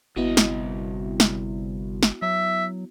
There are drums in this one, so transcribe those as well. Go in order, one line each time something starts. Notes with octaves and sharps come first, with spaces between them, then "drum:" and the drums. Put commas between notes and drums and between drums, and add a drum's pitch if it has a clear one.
G1 C2 B3 E4 F#4 D#5
drum: snare
drum: snare
drum: snare
F#3 E5